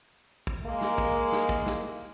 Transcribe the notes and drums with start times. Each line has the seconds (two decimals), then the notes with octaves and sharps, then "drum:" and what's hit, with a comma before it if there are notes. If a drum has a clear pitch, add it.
0.47 drum: kick
0.64 G#3 A#3
0.81 drum: snare
0.98 drum: kick
1.32 drum: snare
1.49 drum: kick
1.66 drum: snare